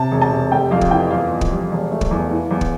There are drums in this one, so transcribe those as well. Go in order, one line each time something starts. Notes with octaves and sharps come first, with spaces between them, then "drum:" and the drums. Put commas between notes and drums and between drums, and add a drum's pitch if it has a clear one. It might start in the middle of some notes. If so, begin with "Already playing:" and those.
Already playing: C3 A5
E1
A5
C3
F1 G5
F2 F5
drum: kick
E3 G5
E2 F5
E2
drum: kick
G3
E1
A3
drum: kick
E2
E3
E2
drum: kick